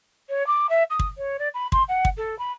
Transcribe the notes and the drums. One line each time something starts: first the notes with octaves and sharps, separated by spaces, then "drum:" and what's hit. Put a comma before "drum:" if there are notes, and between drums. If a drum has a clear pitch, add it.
C#5
D6
E5
D#6
drum: kick
C#5
D5
B5
C6, drum: kick
F#5
drum: kick
A4
B5